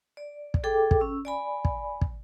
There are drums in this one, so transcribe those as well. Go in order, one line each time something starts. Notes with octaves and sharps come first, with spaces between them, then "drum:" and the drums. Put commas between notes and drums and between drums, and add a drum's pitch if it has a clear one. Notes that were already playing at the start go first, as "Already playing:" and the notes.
D5
drum: kick
G#4 A4 G5 D6
drum: kick
C#4 E6
D5 G#5 B5
drum: kick
drum: kick